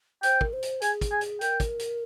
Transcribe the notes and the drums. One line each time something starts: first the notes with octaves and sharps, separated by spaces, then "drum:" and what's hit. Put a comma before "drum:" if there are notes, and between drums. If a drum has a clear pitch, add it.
C5 G5, drum: hi-hat
A#4, drum: kick
C5
drum: hi-hat
G#4 G#5, drum: hi-hat
drum: kick, hi-hat
G#5
drum: hi-hat
A#4 G5, drum: hi-hat
drum: kick, hi-hat
drum: hi-hat